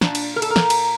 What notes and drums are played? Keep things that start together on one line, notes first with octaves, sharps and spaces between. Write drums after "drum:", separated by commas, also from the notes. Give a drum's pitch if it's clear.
A#2 D4, drum: snare
drum: cymbal
A#4
A4, drum: cymbal
A#4
A#2, drum: snare
drum: cymbal